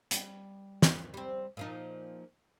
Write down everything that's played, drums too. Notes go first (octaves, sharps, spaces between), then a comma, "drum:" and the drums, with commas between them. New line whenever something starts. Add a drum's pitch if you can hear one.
G3, drum: hi-hat
drum: snare
G3 C4
A#2 F3 D#4